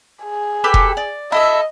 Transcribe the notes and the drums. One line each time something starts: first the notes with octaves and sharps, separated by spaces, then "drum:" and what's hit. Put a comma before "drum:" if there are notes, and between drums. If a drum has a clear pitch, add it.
G#4
G4 A4 B4
drum: kick F1
D5
E4 A4 D#5 E5